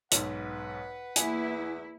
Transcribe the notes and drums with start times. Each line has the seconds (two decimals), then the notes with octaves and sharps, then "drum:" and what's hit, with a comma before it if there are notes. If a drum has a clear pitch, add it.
0.12 B1 G#2 B4 F#5, drum: hi-hat
1.16 E2 A#3 E4 G#5, drum: hi-hat